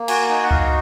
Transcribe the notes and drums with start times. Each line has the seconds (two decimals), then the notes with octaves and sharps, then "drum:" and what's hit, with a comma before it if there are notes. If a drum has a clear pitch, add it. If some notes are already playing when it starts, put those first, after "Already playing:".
Already playing: A#3
0.08 F#4 G#5, drum: cymbal
0.29 D#4 G#5
0.43 F#5
0.51 F#4 F5, drum: kick C#2